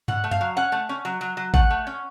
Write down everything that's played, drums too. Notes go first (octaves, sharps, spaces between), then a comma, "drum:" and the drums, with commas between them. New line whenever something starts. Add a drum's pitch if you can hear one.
B2 F#5, drum: tom G2
A3
F5, drum: tom F#2
F#3
C#4 F#5
A3
C#4
F#3
F#3
F#3
A3 F#5, drum: kick A1
A3
C#4